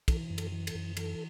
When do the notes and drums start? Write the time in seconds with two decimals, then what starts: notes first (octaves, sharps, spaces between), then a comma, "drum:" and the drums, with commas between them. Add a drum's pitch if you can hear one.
0.08 E3 A4, drum: kick, cymbal
0.30 F#2
0.38 A4, drum: cymbal
0.52 E3
0.67 A4, drum: cymbal
0.75 F#2
0.97 E3 A4, drum: cymbal